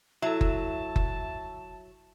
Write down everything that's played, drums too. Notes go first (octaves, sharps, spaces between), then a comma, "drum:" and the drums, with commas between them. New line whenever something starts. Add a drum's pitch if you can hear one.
F#3 E4 A4 E5 A5
drum: kick F#1
drum: kick F#1